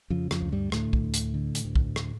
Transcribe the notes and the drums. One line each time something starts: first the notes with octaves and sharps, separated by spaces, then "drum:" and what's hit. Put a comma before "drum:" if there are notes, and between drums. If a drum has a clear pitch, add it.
F2 C#3 F3
F2 F3, drum: rim click
D2
G2 G3
A2 D3 A3, drum: rim click
drum: kick
D2
drum: hi-hat
D3
drum: hi-hat
D2
drum: kick
drum: rim click